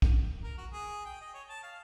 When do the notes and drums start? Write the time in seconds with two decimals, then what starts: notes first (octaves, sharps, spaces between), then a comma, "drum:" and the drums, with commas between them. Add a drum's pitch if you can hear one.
0.02 drum: kick
0.43 A#4
0.58 F#4
0.72 G#4
1.05 G5
1.21 D#5
1.34 C#5
1.49 A5
1.63 F5